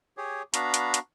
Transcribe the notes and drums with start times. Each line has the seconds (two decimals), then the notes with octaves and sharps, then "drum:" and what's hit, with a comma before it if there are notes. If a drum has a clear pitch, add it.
0.17 G4 G#4 C#5
0.54 B3 D4 F#4 F5 A#5 B5, drum: hi-hat
0.74 drum: hi-hat
0.94 drum: hi-hat